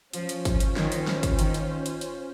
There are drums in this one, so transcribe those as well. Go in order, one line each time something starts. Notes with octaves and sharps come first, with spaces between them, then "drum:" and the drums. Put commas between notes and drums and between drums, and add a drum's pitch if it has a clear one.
F3 C#4 F4 C5, drum: hi-hat
drum: hi-hat
F3, drum: kick, hi-hat
drum: hi-hat
D#3, drum: snare
drum: hi-hat
drum: snare
drum: kick, hi-hat
D#3, drum: hi-hat
drum: hi-hat
drum: hi-hat
drum: hi-hat